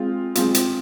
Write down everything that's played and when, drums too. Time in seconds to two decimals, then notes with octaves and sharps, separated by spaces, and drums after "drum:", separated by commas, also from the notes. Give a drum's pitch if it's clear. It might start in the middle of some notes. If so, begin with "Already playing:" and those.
Already playing: G#3 C4 F4
0.35 G#3 C4 F4, drum: hi-hat
0.54 drum: hi-hat